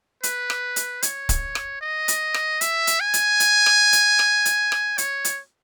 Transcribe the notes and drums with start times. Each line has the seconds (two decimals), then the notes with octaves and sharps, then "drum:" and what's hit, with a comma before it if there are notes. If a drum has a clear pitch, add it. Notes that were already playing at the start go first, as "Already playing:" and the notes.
0.23 B4, drum: hi-hat
0.50 drum: rim click
0.76 drum: hi-hat
1.02 C#5, drum: hi-hat
1.29 drum: kick C#1, hi-hat
1.55 drum: rim click
1.81 D#5
2.08 drum: hi-hat
2.34 drum: rim click
2.61 E5, drum: hi-hat
2.87 drum: hi-hat
3.00 G#5
3.14 drum: hi-hat
3.40 drum: hi-hat
3.66 drum: rim click
3.93 drum: hi-hat
4.19 drum: rim click
4.45 drum: hi-hat
4.72 drum: rim click
4.98 C#5, drum: hi-hat
5.25 drum: hi-hat